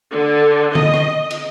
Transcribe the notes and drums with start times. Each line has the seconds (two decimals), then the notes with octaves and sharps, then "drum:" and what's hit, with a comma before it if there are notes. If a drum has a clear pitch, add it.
0.12 D3
0.75 D#5, drum: tom D3
0.94 drum: rim click
1.31 drum: cymbal